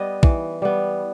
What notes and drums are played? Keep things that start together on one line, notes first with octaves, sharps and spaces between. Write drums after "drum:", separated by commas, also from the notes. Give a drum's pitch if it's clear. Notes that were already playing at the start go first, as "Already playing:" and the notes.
Already playing: G3 B3 D#5
E3, drum: kick A#1
G3 B3